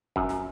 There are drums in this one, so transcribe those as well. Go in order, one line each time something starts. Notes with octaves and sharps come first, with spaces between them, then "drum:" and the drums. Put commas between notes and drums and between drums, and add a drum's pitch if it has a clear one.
F#2, drum: kick E1
drum: snare